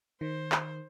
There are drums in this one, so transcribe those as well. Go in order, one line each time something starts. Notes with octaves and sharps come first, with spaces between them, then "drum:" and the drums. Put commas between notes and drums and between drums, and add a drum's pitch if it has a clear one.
D#3 C5
drum: clap